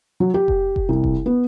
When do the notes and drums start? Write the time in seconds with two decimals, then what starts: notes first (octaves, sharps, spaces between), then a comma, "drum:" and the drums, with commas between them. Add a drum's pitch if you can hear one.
0.20 F#3
0.34 G4
0.48 drum: kick F1
0.76 drum: kick F1
0.89 C2
1.04 drum: kick F1
1.26 B3